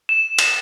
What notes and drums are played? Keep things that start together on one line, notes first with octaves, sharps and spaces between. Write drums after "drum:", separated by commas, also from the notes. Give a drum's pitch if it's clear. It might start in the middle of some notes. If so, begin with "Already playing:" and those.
E7
drum: cymbal